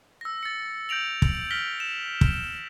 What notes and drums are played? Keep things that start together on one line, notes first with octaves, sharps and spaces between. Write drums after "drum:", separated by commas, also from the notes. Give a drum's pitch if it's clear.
E6 A#6
A6 C#7
G6 A#6 D7 F7 F#7
drum: kick
F6 A#6 B6 F#7 G7
E7
drum: kick